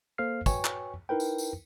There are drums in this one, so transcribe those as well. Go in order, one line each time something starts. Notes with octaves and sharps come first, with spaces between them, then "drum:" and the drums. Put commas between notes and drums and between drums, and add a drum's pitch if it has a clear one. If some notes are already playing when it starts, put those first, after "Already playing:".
A#3 A4 C5 F5 F6 C7
F#4 B4 C#5 G5 G#5 C#6, drum: kick, tambourine
drum: clap
D#4 E4 A#4 B4 G5
drum: tambourine
drum: tambourine